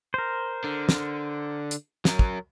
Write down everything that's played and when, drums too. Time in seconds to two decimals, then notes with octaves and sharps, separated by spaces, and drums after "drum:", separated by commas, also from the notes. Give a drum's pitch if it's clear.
0.14 A#4 C5
0.64 D3
0.89 drum: snare
1.71 drum: hi-hat
2.05 F#3 A#4, drum: snare
2.19 drum: kick